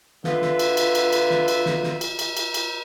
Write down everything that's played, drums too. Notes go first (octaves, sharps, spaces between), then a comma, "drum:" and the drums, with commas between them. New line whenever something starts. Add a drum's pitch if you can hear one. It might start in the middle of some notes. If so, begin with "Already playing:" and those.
D3 F4 B4 E5, drum: snare
drum: snare
drum: cymbal
drum: cymbal
drum: cymbal
drum: cymbal
drum: snare
drum: cymbal
drum: snare
drum: snare
drum: cymbal
drum: cymbal
drum: cymbal
drum: cymbal